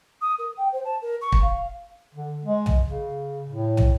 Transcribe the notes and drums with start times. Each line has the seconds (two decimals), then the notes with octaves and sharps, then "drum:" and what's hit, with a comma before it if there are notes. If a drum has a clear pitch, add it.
0.21 D#6
0.38 A#4
0.57 G5
0.72 C5
0.84 A5
1.02 A#4
1.21 C#6
1.32 drum: kick
1.42 F5
2.14 D3
2.45 G#3
2.66 drum: tom
2.88 C#3
3.49 A2
3.77 drum: tom